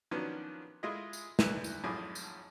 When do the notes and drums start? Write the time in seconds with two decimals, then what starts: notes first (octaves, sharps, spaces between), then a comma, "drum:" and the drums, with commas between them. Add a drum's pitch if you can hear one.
0.11 D#3 F3 F#3 B3 C#4 D4
0.83 G#3 E4 F4 G#4 D#5
1.13 drum: tambourine
1.39 D2 D#3 E3 E4 B4, drum: snare
1.64 drum: tambourine
1.84 G#1 F#2 A2 F3 G#4 D6
2.15 drum: tambourine